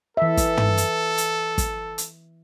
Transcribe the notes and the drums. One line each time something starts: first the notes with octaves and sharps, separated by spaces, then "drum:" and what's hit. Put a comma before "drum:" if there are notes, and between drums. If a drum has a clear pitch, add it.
E3 A4 E5
drum: kick, hi-hat
drum: tom
drum: hi-hat
drum: hi-hat
drum: kick, hi-hat
drum: hi-hat